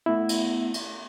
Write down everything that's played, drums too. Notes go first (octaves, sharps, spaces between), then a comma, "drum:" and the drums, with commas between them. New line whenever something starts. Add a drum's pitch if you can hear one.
A3 B3 E4
drum: cymbal
drum: cymbal